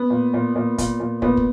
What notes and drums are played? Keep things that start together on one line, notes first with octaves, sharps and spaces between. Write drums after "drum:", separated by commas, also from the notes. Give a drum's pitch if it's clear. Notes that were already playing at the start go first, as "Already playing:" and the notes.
Already playing: B3
A#2
A#2
A#2
A#2, drum: kick, hi-hat
A#2
A#2 B3, drum: kick
drum: kick